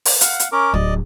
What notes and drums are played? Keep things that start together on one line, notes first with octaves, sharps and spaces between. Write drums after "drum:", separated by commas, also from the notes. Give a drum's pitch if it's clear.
drum: open hi-hat
F5 F#5, drum: hi-hat
drum: hi-hat
C#4 A#4 D6
D1 F#3 D5 D#5